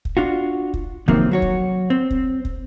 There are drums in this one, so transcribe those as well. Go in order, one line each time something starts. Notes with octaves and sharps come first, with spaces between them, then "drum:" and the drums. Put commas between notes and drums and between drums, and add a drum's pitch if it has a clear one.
drum: kick
D4 F4 F#4
drum: kick
C3 D#3 F3 F#3 A#3 C4, drum: kick
F#3 F#4 C#5
drum: kick
C4
drum: kick
drum: kick